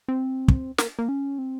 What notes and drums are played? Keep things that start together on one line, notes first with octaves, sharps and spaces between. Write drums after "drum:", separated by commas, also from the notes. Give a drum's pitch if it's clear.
C4
drum: kick
A#3, drum: snare
A#3
C#4
C4